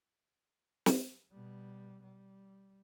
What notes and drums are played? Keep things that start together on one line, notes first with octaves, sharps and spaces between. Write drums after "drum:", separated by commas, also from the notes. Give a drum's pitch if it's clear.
drum: snare
B2 G3
G3